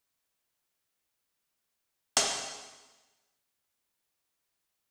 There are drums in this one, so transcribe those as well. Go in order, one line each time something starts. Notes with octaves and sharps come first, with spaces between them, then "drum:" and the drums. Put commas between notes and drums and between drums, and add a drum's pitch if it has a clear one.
C#3 F3 F5 E6
B3 G4
C3 D#3 F#5
C#2 C4 A#5
C#4 D#4 C5
G2 C5
drum: hi-hat
A4
G4 C#5 D5